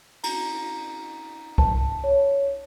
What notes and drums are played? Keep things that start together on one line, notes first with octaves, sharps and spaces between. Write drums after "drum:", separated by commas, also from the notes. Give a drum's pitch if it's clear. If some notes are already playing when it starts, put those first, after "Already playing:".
A#5, drum: cymbal
A5, drum: kick C2
C#5